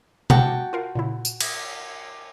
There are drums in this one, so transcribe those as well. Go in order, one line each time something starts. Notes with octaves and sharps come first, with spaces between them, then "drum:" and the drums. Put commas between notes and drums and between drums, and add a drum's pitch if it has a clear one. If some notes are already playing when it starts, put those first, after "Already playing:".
F#4 E5 F#5 G5 A5 D6, drum: tom B2
F4 A#4 F5
A#2 C#3 E4
drum: tambourine
drum: cymbal